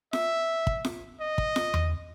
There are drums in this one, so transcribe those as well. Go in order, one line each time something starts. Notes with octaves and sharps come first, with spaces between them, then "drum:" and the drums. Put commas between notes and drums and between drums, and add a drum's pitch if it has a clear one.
E5, drum: snare F4
drum: kick
drum: snare F4
D#5
drum: kick
drum: snare F4
drum: tom E2